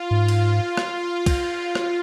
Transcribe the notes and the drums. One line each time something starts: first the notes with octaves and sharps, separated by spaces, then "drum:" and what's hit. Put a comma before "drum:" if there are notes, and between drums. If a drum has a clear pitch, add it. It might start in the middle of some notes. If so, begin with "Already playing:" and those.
Already playing: F4
G#2
drum: cymbal
drum: rim click
drum: kick, cymbal
drum: rim click